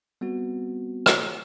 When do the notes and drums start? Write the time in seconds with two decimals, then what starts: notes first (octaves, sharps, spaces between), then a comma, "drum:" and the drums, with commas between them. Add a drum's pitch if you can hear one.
0.21 G3 B3 C4 F#4
1.06 drum: rim click